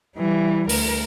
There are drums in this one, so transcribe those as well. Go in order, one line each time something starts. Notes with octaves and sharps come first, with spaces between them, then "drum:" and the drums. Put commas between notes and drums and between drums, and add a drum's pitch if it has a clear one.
E3 G3
D2 A#4, drum: open hi-hat